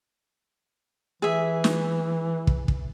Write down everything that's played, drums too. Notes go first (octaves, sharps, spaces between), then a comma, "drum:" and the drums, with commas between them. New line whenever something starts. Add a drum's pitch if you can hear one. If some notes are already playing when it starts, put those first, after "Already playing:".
E3 G#4 E5
drum: snare
drum: kick
drum: kick